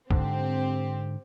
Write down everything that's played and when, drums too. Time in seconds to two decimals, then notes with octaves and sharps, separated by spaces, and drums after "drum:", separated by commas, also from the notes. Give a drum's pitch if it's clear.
0.11 G#2 D3 C4 G4, drum: kick